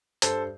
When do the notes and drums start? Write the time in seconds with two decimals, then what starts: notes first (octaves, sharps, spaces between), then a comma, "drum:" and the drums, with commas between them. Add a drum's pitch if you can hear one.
0.22 G2 A4 C5, drum: hi-hat